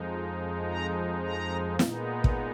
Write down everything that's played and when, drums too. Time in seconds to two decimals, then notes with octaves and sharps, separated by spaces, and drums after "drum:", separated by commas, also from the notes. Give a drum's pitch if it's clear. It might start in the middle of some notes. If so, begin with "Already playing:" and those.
Already playing: F2 F3 G#3 D#4
0.70 A#5
1.24 A#5
1.79 A#2 G#3 B3 D#4, drum: snare
2.24 drum: kick